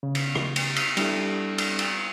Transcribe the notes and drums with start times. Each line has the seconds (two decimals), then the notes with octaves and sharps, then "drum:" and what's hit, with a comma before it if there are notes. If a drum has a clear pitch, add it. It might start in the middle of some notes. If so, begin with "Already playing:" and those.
0.03 C#3
0.15 drum: cymbal
0.35 drum: rim click
0.56 drum: cymbal
0.76 drum: cymbal
0.97 G3 D4 E4 A4, drum: cymbal
1.58 drum: cymbal
1.79 drum: cymbal